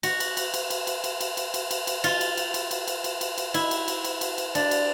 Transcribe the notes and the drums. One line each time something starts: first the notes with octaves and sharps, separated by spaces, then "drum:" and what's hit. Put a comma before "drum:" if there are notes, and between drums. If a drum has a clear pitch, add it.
F#4, drum: cymbal
drum: cymbal
drum: cymbal
drum: cymbal
drum: cymbal
drum: cymbal
drum: cymbal
drum: cymbal
drum: cymbal
drum: cymbal
drum: cymbal
drum: cymbal
F4, drum: cymbal
drum: cymbal
drum: cymbal
drum: cymbal
drum: cymbal
drum: cymbal
drum: cymbal
drum: cymbal
drum: cymbal
E4, drum: cymbal
drum: cymbal
drum: cymbal
drum: cymbal
drum: cymbal
drum: cymbal
D4, drum: cymbal
drum: cymbal